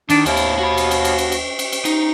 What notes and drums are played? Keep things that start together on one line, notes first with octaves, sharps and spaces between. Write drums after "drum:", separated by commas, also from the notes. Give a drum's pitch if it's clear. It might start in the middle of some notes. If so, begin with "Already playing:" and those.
D#3 D4, drum: cymbal
D#2 D4 E4, drum: cymbal
drum: cymbal
F#4 B5
drum: cymbal
drum: cymbal
drum: cymbal
drum: cymbal
drum: cymbal
drum: cymbal
drum: cymbal
D#4, drum: cymbal